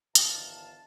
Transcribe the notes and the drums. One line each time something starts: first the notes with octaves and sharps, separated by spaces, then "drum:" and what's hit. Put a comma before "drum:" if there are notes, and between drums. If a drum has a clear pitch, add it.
G1 D#3 E3 F5 A5, drum: hi-hat